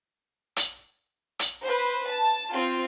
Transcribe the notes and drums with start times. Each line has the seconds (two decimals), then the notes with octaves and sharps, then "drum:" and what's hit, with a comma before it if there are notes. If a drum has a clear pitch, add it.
0.56 drum: hi-hat
1.39 drum: hi-hat
1.63 B4 C5
2.10 A5
2.53 C4 F4